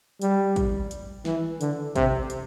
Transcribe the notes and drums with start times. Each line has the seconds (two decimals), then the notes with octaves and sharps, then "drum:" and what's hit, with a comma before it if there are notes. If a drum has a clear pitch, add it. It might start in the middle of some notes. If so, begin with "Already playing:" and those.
0.22 G3, drum: hi-hat
0.56 drum: kick, hi-hat
0.91 drum: hi-hat
1.25 E3, drum: snare
1.61 D3, drum: hi-hat
1.96 C3, drum: kick, hi-hat
2.30 drum: hi-hat